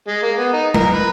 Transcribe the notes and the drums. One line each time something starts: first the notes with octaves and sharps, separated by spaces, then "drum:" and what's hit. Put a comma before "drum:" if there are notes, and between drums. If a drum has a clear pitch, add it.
G#3
A#3
B3
D#4
A#4, drum: tom G#3
B4